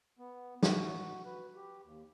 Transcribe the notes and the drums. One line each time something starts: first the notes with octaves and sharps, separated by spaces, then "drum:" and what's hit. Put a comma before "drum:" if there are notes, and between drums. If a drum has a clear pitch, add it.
B3
F#4, drum: snare
B4
G4
D#2